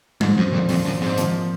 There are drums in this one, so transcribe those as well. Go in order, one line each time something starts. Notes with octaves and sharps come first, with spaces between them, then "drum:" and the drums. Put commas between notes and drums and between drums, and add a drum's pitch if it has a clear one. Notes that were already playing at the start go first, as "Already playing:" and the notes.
G#2 F3, drum: tom G3
F#2 C4
F2 A#2
F2 A#2, drum: open hi-hat
F#2 F3
G#2 C4
F3, drum: hi-hat
A#3